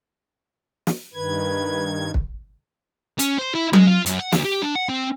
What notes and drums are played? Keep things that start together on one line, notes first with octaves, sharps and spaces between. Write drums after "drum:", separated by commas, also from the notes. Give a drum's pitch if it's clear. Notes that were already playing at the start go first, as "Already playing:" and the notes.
drum: snare
G2 D#3 B4 G#6
drum: kick
C#4, drum: hi-hat
C5
E4
G#3, drum: tom F#3
F4
F#2, drum: hi-hat
F#5
D2, drum: snare
G4
D4
F#5
C4